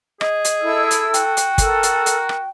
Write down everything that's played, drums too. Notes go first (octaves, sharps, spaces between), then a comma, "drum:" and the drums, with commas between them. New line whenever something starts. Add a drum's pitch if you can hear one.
G#4 D#5, drum: rim click
drum: hi-hat
E4 A4 E6
drum: hi-hat
F#4 G5, drum: hi-hat
drum: hi-hat
A4 A#4, drum: kick, hi-hat
drum: hi-hat
drum: hi-hat
drum: rim click